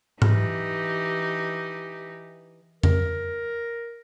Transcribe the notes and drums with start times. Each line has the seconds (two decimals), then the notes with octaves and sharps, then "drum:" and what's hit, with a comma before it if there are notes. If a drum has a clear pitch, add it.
0.22 E3 D#4 G4, drum: tom G#2
2.83 A#4, drum: tom F2